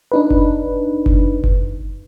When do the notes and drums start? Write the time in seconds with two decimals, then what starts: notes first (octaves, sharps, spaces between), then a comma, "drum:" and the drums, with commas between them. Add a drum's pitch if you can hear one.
0.12 D4 D#4 B4
0.30 drum: kick F#1
1.06 drum: kick F#1
1.44 drum: kick F#1